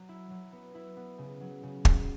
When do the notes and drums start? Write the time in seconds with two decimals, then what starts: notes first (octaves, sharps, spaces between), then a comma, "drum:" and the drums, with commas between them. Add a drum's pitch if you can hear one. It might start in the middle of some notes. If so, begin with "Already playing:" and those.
Already playing: F#3
0.09 E4
0.31 F#3
0.53 B3
0.75 E4
0.97 B3
1.18 C#3
1.41 F#3
1.63 C#3
1.85 F#3, drum: kick